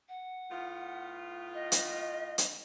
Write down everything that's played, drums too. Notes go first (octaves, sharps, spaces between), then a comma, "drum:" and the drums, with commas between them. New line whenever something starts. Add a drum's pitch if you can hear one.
F#5
A2 B3 F4
D#5
drum: hi-hat
drum: hi-hat